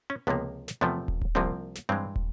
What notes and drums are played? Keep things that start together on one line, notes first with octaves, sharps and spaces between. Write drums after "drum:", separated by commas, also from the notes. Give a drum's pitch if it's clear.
C#4
C#2 C3 F3 A#3 B3
drum: snare
E2 C3 F3 A3 B3
drum: kick
drum: kick
C2 C3 F3 A#3 C4
drum: snare
G2 E3 G#3 C4
drum: kick